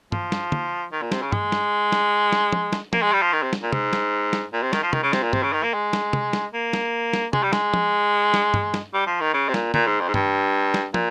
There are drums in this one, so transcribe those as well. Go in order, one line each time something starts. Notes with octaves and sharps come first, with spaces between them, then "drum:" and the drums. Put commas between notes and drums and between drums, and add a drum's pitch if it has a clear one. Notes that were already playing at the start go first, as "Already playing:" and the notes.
F3, drum: tom
drum: snare
drum: tom
D#3
A#2
C3, drum: snare
C#3
G#3, drum: tom
drum: snare
drum: snare
drum: snare
drum: tom
drum: snare
A#3, drum: tom
G#3
G3
F3
D#3
C3
drum: snare
A#2
G#2, drum: tom
drum: snare
drum: snare
A#2
C3
D#3, drum: snare
F3
D#3, drum: tom
C#3
C3, drum: snare
A#2
C3, drum: tom
C#3
D#3
A#3
G#3
drum: snare
drum: tom
drum: snare
A#3
drum: snare
drum: snare
G#3, drum: tom
G3
G#3, drum: snare
drum: tom
drum: snare
drum: tom
drum: snare
G3
F3
D#3
C#3
C3
A#2, drum: snare
A#2, drum: tom
G#2
F2
G#2
G2, drum: tom
drum: snare
A#2, drum: tom